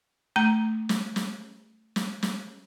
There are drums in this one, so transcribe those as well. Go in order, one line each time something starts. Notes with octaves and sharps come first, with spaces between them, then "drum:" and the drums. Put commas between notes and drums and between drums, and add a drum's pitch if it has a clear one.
A3 A#5
drum: snare
drum: snare
drum: snare
drum: snare